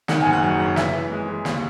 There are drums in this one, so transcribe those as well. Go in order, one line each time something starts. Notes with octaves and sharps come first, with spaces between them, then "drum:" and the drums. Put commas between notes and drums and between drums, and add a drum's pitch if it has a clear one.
D#3 F#5, drum: snare
G#5
F#1
F#5
F#2
F#2
E3 E5, drum: snare
E3
G#3
E3
D#2, drum: snare